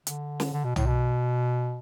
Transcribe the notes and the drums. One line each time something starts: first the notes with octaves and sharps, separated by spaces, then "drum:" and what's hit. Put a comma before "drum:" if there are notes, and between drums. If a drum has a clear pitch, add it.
D3, drum: hi-hat
drum: snare
D3
B2
A2, drum: tom
B2